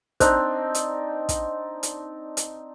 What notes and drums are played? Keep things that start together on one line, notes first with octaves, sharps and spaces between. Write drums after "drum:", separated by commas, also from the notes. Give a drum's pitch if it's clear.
C4 D4 D#4 C5, drum: kick, hi-hat
drum: hi-hat
drum: kick, hi-hat
drum: hi-hat
drum: hi-hat